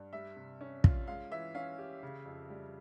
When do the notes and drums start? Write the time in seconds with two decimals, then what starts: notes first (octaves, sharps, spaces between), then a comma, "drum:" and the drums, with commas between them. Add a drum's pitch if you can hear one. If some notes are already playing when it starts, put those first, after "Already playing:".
Already playing: G2
0.13 G3 E5
0.36 C3
0.61 C#4
0.84 F4, drum: kick
1.07 G#3 F5
1.31 E3 E5
1.55 C#4 F5
1.78 G4
2.03 C#3
2.25 F2
2.50 G3